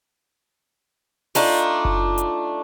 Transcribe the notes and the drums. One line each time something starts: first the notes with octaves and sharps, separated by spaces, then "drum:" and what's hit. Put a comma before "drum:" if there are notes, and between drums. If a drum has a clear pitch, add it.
A3 D4 D#4 F4, drum: open hi-hat
drum: kick F#1
drum: hi-hat